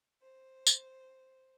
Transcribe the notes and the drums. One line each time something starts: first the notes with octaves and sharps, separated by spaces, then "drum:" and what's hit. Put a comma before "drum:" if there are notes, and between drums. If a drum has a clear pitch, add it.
C5
drum: tambourine